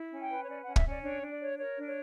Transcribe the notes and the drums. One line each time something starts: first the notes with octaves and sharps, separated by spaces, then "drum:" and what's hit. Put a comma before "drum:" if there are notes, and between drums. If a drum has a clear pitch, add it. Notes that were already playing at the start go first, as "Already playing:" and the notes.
Already playing: E4
C#4
G5
B4
C#5
C#4 D5
C#4 F#5
E5, drum: kick
C#4 D5
D4 C#5
D4
D5
C#5
A#4 C#5
D4
C#5